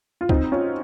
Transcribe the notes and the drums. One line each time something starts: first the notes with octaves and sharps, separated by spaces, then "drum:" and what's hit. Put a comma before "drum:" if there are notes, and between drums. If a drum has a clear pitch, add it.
F4
C4 D#4, drum: kick
C#4 F4